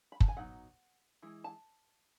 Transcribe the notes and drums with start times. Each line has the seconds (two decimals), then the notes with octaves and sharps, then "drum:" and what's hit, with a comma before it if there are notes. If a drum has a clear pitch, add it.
0.12 B5
0.20 A5, drum: kick
0.28 G#5
0.37 F#3 B3 D#4 F#5
1.22 E3 G#3
1.44 A5